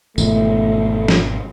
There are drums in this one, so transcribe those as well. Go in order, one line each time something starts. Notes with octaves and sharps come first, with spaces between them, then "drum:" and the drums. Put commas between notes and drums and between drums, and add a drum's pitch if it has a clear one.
G#1 B2 E3 A3, drum: tambourine
drum: snare